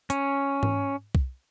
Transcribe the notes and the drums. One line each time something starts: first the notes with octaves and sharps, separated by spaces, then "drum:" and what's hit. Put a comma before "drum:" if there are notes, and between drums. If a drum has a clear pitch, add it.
C#4, drum: hi-hat
drum: tom G#2
drum: kick